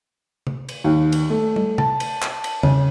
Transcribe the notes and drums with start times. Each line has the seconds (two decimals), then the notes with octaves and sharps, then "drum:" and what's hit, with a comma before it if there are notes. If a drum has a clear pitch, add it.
0.47 drum: tom C3
0.69 drum: cymbal
0.84 D#2
1.12 drum: cymbal
1.30 A3
1.56 drum: tom
1.78 A5, drum: tom C3
2.00 drum: cymbal
2.22 drum: clap
2.44 drum: cymbal
2.63 C#3, drum: tom